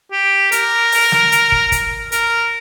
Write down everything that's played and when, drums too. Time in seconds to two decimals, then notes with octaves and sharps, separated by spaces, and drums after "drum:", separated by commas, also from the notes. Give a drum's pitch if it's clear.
0.12 G4
0.52 A#4, drum: hi-hat
0.92 drum: open hi-hat
1.12 drum: snare
1.32 drum: hi-hat
1.52 drum: kick
1.72 drum: kick, hi-hat
2.12 A#4, drum: hi-hat